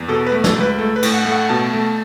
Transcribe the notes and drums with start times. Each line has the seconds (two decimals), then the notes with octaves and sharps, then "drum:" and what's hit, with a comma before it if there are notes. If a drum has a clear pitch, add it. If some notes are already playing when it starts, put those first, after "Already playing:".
Already playing: E2
0.08 B2 A4
0.27 B4
0.32 A3
0.44 A4, drum: snare
0.56 C#2 B4
0.79 A3 A4
0.96 B4
1.03 A2, drum: cymbal
1.14 F#5
1.25 A3
1.32 F#5
1.49 B2 A5
1.73 A3